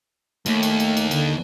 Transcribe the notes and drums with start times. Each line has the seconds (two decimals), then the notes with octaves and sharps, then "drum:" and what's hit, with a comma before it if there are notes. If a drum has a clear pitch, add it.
0.46 D#2 A3, drum: cymbal
0.63 drum: cymbal
0.80 drum: cymbal
0.97 drum: cymbal
1.11 D3, drum: cymbal